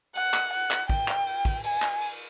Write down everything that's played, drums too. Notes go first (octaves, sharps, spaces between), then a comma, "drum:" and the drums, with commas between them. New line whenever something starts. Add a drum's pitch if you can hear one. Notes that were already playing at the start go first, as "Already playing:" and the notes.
F#5, drum: cymbal
drum: clap
F#5, drum: cymbal
drum: clap
G5, drum: kick, cymbal
drum: clap
drum: cymbal
drum: kick, cymbal
G#5, drum: cymbal
drum: clap
drum: cymbal